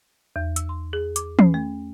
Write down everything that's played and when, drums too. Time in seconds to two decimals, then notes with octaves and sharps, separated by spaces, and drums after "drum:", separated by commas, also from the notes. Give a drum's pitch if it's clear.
0.36 E2
0.56 E6, drum: hi-hat
0.69 C6
0.93 G#4
1.16 D6, drum: hi-hat
1.39 C#4, drum: tom
1.54 A3